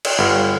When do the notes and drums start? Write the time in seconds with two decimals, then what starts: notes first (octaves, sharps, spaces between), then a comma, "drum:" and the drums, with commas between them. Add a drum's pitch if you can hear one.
0.05 drum: cymbal
0.19 G1